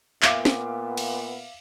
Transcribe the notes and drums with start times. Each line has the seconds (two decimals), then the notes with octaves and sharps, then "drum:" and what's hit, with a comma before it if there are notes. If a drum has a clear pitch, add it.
0.22 A#2 B3 E5 F5 D6, drum: clap
0.45 drum: snare
0.97 drum: cymbal